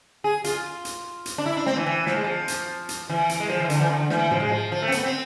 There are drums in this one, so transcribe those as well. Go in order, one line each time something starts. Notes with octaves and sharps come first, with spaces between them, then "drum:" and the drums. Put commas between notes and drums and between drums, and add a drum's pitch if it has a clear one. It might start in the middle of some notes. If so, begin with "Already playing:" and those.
G#4
F4, drum: hi-hat
drum: hi-hat
drum: hi-hat
D4
E4
D4
C4, drum: snare
E3
E3
F3, drum: snare
G#3
F3
drum: hi-hat
drum: hi-hat
E3
drum: hi-hat
G#3
F3
E3
D3, drum: hi-hat
E3
D3
E3, drum: snare
F3, drum: tom
G#3
F3
F3
A3
C4
B3, drum: hi-hat
C4